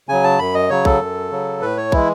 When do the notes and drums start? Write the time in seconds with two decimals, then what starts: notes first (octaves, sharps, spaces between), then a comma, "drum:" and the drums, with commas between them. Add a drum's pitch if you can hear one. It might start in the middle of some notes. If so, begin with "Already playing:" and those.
0.09 C#3 F#3 G#5
0.24 A5
0.39 F#2 B5
0.54 D#5
0.70 C#3 F#3 C#5
0.85 A4, drum: kick
1.00 F#2
1.31 C#3 F#3
1.62 A2 B4
1.77 C#5
1.92 E3 G#3 E4, drum: kick